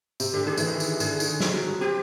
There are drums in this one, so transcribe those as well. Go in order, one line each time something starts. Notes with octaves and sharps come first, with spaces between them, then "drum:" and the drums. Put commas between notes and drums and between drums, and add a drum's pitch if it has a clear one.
C3, drum: tambourine
D3 G4
D#3 G#4
E3, drum: tambourine
D#3
drum: tambourine
D3 G#4, drum: tambourine
D#3, drum: tambourine
drum: snare
F#3
G3
C4 G4